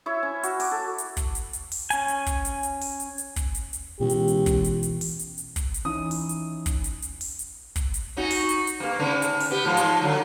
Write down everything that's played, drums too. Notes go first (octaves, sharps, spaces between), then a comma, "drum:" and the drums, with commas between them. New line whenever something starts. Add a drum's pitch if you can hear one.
E4 C#5 E5
C#4
F#4, drum: hi-hat
D6, drum: open hi-hat
A4
drum: hi-hat
drum: kick, hi-hat
drum: hi-hat
drum: hi-hat
drum: open hi-hat
C#4 G#5, drum: hi-hat
drum: hi-hat
drum: kick, hi-hat
drum: hi-hat
drum: hi-hat
drum: open hi-hat
drum: hi-hat
drum: hi-hat
drum: kick, hi-hat
drum: hi-hat
drum: hi-hat
C#2 B2 E3 G4
drum: hi-hat
drum: hi-hat
drum: kick, hi-hat
drum: hi-hat
drum: hi-hat
drum: open hi-hat
drum: hi-hat
drum: hi-hat
drum: kick, hi-hat
drum: hi-hat
E3 C#4 D#4 E4 D#6
drum: open hi-hat
drum: hi-hat
drum: kick, hi-hat
drum: hi-hat
drum: hi-hat
drum: open hi-hat
drum: hi-hat
drum: kick, hi-hat
drum: hi-hat
C#4 D#4 F#4
drum: open hi-hat
drum: hi-hat
drum: hi-hat
G2 A#3
G#2 C#3 B3
drum: hi-hat
drum: open hi-hat
B3 G4
G#2 F3 G#3
drum: hi-hat
D3 F#3